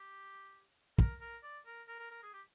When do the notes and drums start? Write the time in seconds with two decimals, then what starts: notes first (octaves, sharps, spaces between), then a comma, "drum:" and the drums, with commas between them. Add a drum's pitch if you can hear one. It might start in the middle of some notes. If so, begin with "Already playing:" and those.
Already playing: G4
0.98 A#4, drum: kick
1.20 A#4
1.43 D5
1.66 A#4
1.88 A#4
1.99 A#4
2.11 A#4
2.23 G#4
2.33 G4